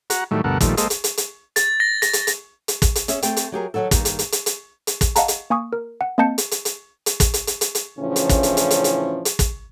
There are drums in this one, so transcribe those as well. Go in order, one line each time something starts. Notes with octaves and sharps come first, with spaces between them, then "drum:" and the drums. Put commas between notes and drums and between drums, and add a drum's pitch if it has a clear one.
F#4 F#5 A#5, drum: hi-hat
A2 D#3 F#3 G3 A3
D2 G2 B2 A4 A#4 F#5
A#2 D#3 F3 G3 A3, drum: kick, hi-hat
G#3 A#3 A4 C5 D#5, drum: hi-hat
drum: hi-hat
drum: hi-hat
drum: hi-hat
A6, drum: hi-hat
A#6
A#6, drum: hi-hat
drum: hi-hat
drum: hi-hat
drum: hi-hat
drum: kick, hi-hat
drum: hi-hat
C#4 G#4 E5, drum: hi-hat
A3 C4 G5, drum: hi-hat
drum: hi-hat
F#3 G4 G#4 A#4
D#3 E3 F#3 F#4 A4
G2 D#3 A#3, drum: kick, hi-hat
drum: hi-hat
drum: hi-hat
drum: hi-hat
drum: hi-hat
drum: hi-hat
drum: kick, hi-hat
D#5 F5 F#5 A5 A#5, drum: hi-hat
drum: hi-hat
A#3 G#5 C#6 D#6
A#4
F#5
A#3 C4 D#5 A5 G6 C#7
drum: hi-hat
drum: hi-hat
drum: hi-hat
drum: hi-hat
drum: kick, hi-hat
drum: hi-hat
drum: hi-hat
drum: hi-hat
drum: hi-hat
A2 C#3 E3 F3 C#4 D4
drum: hi-hat
drum: kick, hi-hat
drum: hi-hat
drum: hi-hat
drum: hi-hat
drum: hi-hat
drum: hi-hat
drum: kick, hi-hat